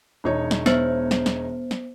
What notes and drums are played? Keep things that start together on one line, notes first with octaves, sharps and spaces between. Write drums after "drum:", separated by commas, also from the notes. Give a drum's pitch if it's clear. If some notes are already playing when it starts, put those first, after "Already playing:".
E1 D#4 C#5
drum: snare
B3 C5, drum: snare
drum: snare
drum: snare
drum: snare